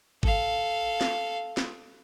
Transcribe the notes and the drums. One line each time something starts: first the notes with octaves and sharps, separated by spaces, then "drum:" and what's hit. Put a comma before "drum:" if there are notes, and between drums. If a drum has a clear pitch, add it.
A4 F5, drum: kick
drum: snare
drum: snare